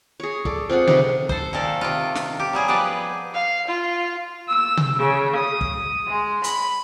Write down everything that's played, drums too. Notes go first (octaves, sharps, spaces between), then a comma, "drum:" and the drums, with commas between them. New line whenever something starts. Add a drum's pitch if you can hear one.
G#4 C#5
A4 D5, drum: kick
C4 F4 G#4 F#5
C3 D#3 C4 B4, drum: tom C3
A4 C5, drum: kick
A#2 D#3 A4 F5
C3 D#3 F4
drum: snare
G4
F#3 G3 G#4
F3 B3 G4 G#4 B4 D5
F5
F4
E6
drum: tom C3
C#3
D#6
drum: kick
G#3
B5, drum: hi-hat